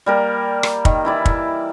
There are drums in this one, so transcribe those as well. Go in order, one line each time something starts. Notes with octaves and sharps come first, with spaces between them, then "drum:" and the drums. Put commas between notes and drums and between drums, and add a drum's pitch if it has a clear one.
G3 A#3 A#4
drum: rim click
D#3, drum: kick
E3 E4 D5
drum: kick